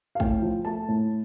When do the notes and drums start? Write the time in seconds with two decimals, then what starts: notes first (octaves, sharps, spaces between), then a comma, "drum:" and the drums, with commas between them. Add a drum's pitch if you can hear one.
0.15 F5
0.20 A2 G5, drum: kick
0.42 F3
0.65 A3 A5
0.88 A2